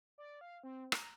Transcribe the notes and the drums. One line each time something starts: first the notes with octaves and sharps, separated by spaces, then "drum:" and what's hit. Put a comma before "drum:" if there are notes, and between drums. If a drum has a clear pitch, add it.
D5
F5
C4
A#5, drum: rim click